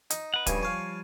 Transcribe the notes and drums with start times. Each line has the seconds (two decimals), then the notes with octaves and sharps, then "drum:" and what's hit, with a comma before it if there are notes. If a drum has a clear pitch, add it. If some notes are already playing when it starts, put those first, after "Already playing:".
0.10 D#4, drum: hi-hat
0.34 B4 F#5
0.46 G2 C#3 F3 G3 G#5, drum: kick, hi-hat
0.63 C#5 F5